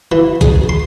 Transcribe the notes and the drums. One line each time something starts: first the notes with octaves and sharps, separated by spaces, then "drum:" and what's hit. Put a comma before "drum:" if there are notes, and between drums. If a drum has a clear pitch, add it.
E3
G#4, drum: kick B1, hi-hat
C6